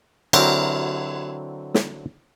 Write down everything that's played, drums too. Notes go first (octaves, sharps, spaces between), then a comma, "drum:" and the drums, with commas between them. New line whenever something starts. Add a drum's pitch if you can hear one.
D3 F#3 C4 E4 A#4, drum: cymbal
drum: snare